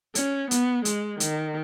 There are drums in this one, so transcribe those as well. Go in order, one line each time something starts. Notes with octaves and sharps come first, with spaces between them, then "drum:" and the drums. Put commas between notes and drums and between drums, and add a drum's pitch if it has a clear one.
C#4, drum: hi-hat
B3, drum: hi-hat
G#3, drum: hi-hat
D#3, drum: hi-hat